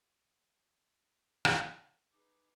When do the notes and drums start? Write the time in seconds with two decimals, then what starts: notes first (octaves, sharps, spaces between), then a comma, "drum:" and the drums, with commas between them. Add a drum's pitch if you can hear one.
1.45 drum: rim click
2.12 D#4 G#4 B4 D6